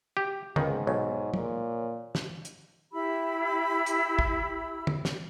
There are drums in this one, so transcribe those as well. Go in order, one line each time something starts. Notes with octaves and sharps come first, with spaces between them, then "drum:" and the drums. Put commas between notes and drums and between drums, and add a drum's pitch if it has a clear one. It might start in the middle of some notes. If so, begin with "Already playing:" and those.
G4
C#2 G#2 D#3, drum: tom
B1 C#5
A#2, drum: tom
drum: snare
drum: hi-hat
E4 G4 B5 E6
drum: hi-hat
drum: kick
drum: tom
drum: snare